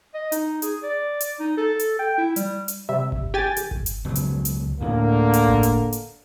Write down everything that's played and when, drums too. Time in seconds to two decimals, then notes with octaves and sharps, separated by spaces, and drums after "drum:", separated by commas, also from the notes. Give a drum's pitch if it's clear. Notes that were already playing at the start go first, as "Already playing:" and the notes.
0.15 D#5
0.32 D#4, drum: hi-hat
0.62 G#4, drum: hi-hat
0.83 D5
1.20 drum: hi-hat
1.40 D#4
1.58 A4
1.79 drum: hi-hat
1.99 G5
2.18 E4
2.36 G3, drum: hi-hat
2.68 drum: hi-hat
2.89 C3 G3 E5
3.12 drum: kick G1
3.34 G4 G5 G#5 A6
3.57 drum: hi-hat
3.71 drum: kick G1
3.86 drum: hi-hat
4.05 C#2 B2 F#3
4.16 drum: hi-hat
4.45 drum: hi-hat
4.81 D2 A2 D3 A#3
5.34 drum: hi-hat
5.48 drum: kick G1
5.63 drum: hi-hat
5.93 drum: hi-hat